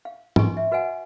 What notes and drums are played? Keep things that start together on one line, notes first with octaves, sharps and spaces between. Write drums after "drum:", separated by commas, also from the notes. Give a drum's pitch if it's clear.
F5
B4 D#5 G#5 C6 C#6, drum: tom G#2
E5
F#4 B4 D#5 F5 F#5 G#5